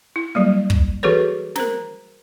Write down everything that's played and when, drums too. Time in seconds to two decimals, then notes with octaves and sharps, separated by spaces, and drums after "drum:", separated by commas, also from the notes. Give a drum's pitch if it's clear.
0.16 E4
0.35 F#3 G3 A#3
0.70 drum: kick
1.03 E3 F#4 G#4 A4 B4 C#5
1.56 A#4 C5 A#5, drum: snare